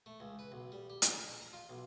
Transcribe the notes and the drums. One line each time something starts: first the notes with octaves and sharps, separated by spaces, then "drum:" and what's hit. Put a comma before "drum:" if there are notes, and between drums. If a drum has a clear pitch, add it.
A3
C#2
B4
B1
G3
G4
G#4, drum: hi-hat
A5
A#5
F4
B1